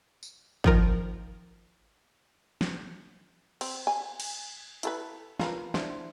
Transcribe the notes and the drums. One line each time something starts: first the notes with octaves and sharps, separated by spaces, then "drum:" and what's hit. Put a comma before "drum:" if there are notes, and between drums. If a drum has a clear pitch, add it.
drum: tambourine
D#3 F3 A#4, drum: kick
drum: snare
C4, drum: cymbal
G#5
drum: cymbal
E4 A4 B4, drum: hi-hat
F4 A#4 B4, drum: snare
D4 E4 C5, drum: snare